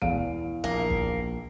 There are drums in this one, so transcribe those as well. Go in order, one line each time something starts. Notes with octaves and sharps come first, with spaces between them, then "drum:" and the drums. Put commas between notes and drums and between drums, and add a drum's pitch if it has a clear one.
E2 F5 D7, drum: kick
A#1 A#3
drum: kick